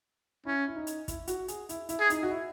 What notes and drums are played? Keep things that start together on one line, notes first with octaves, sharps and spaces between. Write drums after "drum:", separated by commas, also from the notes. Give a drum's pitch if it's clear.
C#4 E4
E4
D#4
drum: hi-hat
E4, drum: kick, hi-hat
F#4, drum: hi-hat
G#4, drum: hi-hat
E4, drum: hi-hat
E4, drum: hi-hat
G#4
D#4, drum: hi-hat
F#4
E4